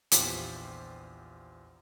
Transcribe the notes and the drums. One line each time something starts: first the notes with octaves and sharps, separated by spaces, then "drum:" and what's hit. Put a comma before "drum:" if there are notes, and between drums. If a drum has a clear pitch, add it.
A#1 E2 F4 G4 C5 B6, drum: hi-hat